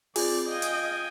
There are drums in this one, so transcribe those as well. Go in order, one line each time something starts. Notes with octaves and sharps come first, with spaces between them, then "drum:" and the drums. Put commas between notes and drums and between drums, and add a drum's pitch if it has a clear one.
C4 F4 G#4 D5, drum: open hi-hat
D#5 F5 G5 G#5
drum: hi-hat